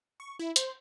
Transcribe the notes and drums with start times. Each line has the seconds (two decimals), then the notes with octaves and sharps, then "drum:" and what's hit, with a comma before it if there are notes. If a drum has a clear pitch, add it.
0.20 C#6
0.39 E4
0.56 C5, drum: hi-hat